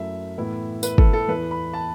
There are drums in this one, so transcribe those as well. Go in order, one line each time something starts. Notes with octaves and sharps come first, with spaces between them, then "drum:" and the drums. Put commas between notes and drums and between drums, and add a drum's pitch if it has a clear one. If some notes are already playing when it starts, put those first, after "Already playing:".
Already playing: F#2 F#3 A3 E4 E5
A2 E3 B3 E4
B4, drum: tambourine
A4, drum: kick
A4
E2 E3 B3 E4 B4
B5
A5